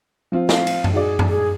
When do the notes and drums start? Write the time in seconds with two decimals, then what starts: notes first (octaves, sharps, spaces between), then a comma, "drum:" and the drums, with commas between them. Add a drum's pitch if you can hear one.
0.32 F3 C4 F4
0.49 F5, drum: snare
0.67 drum: cymbal
0.84 drum: tom F#2
0.94 D#4 F#4 G#4 D5
1.19 drum: tom F#2
1.29 G#4